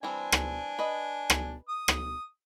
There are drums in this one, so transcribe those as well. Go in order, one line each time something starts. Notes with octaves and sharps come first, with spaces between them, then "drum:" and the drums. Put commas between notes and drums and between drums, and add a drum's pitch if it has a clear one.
E3 G3 C4 D4 G#5
drum: rim click
B4 D#5
drum: rim click
D#6
drum: rim click